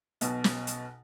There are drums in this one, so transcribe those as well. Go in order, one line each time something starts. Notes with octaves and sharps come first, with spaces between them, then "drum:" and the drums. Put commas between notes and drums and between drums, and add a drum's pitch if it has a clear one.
B1 B2, drum: hi-hat
drum: snare
drum: hi-hat